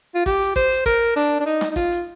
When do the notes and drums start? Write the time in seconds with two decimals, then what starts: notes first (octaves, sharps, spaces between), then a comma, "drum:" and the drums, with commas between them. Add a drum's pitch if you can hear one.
0.15 F4
0.26 G4, drum: kick
0.41 drum: hi-hat
0.56 C5, drum: kick, hi-hat
0.71 drum: hi-hat
0.86 A#4, drum: kick, hi-hat
1.01 drum: hi-hat
1.16 D4, drum: hi-hat
1.40 D4
1.46 D#4, drum: hi-hat
1.61 drum: snare
1.71 D#4
1.76 F4, drum: kick, hi-hat
1.91 drum: hi-hat